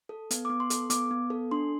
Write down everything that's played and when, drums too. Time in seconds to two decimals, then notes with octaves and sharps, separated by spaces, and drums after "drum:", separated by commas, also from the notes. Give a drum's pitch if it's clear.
0.09 A4
0.31 B3, drum: hi-hat
0.45 D6
0.50 B3
0.60 C6
0.70 A4, drum: hi-hat
0.90 B3 D6, drum: hi-hat
1.11 B3
1.30 A4
1.51 D4 C6